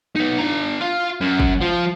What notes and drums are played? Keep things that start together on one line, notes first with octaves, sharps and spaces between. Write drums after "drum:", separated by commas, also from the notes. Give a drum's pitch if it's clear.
B3 D#4
D4 A#5
F4
F#2
drum: kick
F3 F4